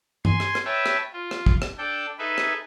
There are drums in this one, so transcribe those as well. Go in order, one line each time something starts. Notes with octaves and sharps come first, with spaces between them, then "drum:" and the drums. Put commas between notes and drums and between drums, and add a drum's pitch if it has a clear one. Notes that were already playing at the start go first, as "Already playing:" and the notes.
G#5 C6, drum: tom G2
drum: rim click
drum: rim click
B4 C#5 E5 G5 A5
drum: rim click
F4
drum: rim click
drum: kick
drum: rim click
D4 A4 G5
D#4 G#4 A4 B4 E5
drum: rim click